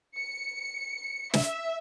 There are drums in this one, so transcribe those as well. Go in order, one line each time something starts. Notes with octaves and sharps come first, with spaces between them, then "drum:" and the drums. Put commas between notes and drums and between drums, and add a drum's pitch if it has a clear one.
C#7
E5, drum: snare